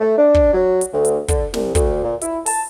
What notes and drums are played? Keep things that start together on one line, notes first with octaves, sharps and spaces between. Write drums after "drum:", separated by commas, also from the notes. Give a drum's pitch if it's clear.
A3
D4
drum: kick
F#3
drum: hi-hat
D2
drum: hi-hat
D3, drum: kick, hi-hat
C2, drum: snare
D2, drum: kick, hi-hat
A#2
E4, drum: hi-hat
A5, drum: open hi-hat